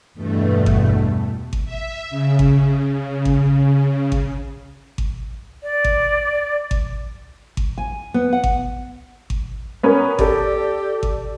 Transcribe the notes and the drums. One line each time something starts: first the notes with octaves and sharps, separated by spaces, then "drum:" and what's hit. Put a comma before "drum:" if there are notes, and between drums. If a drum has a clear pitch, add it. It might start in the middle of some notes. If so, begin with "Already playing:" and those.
E2 G2 B2 A3
drum: kick G#1
drum: kick G#1
E5
C#3
drum: kick G#1
drum: kick G#1
drum: kick G#1
drum: kick G#1
D5
drum: kick G#1
drum: kick G#1
drum: kick G#1
G#5
B3
F#5
drum: kick G#1
drum: kick G#1
B3 C#4 A#4
G4 A4 D5, drum: kick G#1
drum: kick G#1